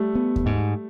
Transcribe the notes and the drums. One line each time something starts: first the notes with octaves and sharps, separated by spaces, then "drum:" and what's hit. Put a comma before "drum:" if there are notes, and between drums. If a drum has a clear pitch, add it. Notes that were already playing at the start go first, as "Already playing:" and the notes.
Already playing: G3 A3
B3
drum: kick D#2
G#2